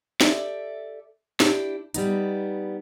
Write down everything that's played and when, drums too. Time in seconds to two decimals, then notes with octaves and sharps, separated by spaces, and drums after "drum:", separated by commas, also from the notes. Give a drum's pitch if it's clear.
0.21 G4 A4 D5 E5, drum: snare
1.40 D4 E4 G4, drum: snare
1.94 G3 B3 D#4, drum: hi-hat